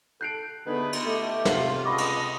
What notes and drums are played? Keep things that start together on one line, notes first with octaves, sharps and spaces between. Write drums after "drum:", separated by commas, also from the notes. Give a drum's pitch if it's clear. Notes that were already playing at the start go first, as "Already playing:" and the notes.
A4 F#6 G6 C7 D7
D#2 D3 A3 B3 D#4 G#4 B4
drum: cymbal
A3 G4
C3 F4 F#5 F#7, drum: snare
C#2 D4 D#5 B5 C#6 D6
drum: cymbal